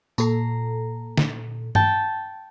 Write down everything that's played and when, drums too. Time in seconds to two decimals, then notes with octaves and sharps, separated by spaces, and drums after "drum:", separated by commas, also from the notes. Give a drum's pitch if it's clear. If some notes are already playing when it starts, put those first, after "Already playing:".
0.18 A#2 A4 A#5 C7, drum: tambourine
1.17 drum: snare
1.75 G5 A5, drum: tom G2